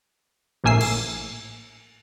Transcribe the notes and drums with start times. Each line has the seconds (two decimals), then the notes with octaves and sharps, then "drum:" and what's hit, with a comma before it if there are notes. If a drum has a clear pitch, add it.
0.64 A#1 A2 A#3 G#5 E6 C7
0.81 drum: cymbal